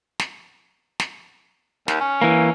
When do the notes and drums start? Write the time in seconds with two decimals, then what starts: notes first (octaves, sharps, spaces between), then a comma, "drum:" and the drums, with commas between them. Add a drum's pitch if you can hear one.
0.19 drum: snare
1.00 drum: snare
1.88 D#2, drum: snare
2.01 C#4
2.22 E3 A#3